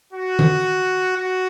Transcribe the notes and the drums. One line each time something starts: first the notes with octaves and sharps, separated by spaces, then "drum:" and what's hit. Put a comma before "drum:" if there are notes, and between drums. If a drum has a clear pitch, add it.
F#4
drum: tom D#3
F#4